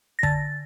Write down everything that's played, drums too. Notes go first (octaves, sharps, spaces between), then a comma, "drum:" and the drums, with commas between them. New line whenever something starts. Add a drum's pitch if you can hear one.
A#6
D3 A6, drum: kick